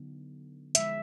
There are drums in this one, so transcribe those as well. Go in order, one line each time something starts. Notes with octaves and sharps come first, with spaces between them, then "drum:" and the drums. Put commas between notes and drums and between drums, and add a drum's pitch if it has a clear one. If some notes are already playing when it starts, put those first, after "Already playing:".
Already playing: D3 F#3 B3 D#4
D3 F3 G#3 E5, drum: hi-hat